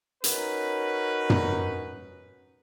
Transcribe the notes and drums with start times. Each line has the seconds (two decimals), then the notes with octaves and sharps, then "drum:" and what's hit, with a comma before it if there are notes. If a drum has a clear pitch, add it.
0.24 C#4 D#4 F#4 A#4 B4, drum: hi-hat
1.30 drum: tom